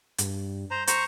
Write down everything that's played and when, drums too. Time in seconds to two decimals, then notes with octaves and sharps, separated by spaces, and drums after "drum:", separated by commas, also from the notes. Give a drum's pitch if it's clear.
0.18 G2, drum: hi-hat
0.71 C5 A#5 G6
0.87 C5 A#5 C#6, drum: hi-hat